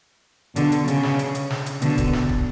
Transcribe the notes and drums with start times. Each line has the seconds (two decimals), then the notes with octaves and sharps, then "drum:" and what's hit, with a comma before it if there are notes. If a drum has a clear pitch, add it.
0.56 B2 D3, drum: hi-hat
0.72 drum: hi-hat
0.88 C#3, drum: hi-hat
1.03 drum: snare
1.19 drum: hi-hat
1.35 drum: hi-hat
1.50 drum: snare
1.66 drum: hi-hat
1.82 B2 D3, drum: hi-hat
1.98 drum: kick, hi-hat
2.13 drum: snare
2.29 drum: kick